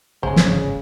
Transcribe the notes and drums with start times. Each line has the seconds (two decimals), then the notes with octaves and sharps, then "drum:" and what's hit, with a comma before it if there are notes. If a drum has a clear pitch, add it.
0.23 G1 C#2 G#2 C#3 G#3 D#4 C5
0.36 drum: snare